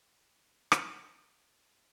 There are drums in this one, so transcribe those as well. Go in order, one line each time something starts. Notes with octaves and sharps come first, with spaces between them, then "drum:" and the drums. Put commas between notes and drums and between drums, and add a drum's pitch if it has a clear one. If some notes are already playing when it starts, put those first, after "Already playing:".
Already playing: A#3
C#3
drum: rim click
D#3